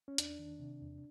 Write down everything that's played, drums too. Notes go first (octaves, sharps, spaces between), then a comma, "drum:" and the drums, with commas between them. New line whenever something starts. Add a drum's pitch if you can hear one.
C#4
E2 D4, drum: hi-hat
D#3
C3
E2